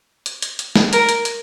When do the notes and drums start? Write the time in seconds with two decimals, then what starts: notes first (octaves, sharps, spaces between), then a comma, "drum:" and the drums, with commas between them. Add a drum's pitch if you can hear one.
0.26 drum: hi-hat
0.42 drum: hi-hat
0.59 drum: hi-hat
0.76 drum: snare
0.93 A#4, drum: hi-hat
1.09 drum: hi-hat
1.25 drum: hi-hat